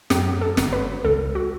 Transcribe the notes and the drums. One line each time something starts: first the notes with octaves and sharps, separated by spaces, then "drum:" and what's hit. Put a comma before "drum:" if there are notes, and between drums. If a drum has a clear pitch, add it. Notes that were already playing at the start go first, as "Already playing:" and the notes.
F#2 G4, drum: snare
A4
G1, drum: snare
B4
C#2 A4
F#4